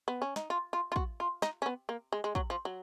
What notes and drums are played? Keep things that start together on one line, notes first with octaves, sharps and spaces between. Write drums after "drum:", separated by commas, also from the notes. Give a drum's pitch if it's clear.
B3
C#4
D#4, drum: snare
F4
F4
F4
F#4, drum: kick
F4
D#4, drum: snare
C#4
B3
A#3
G#3
G#3
F#3, drum: kick
F3
F#3